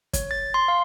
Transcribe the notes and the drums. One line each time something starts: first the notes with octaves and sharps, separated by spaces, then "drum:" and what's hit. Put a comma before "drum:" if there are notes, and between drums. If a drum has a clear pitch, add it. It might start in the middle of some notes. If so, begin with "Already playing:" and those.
C#5, drum: kick F#1, hi-hat
A6
C6
F5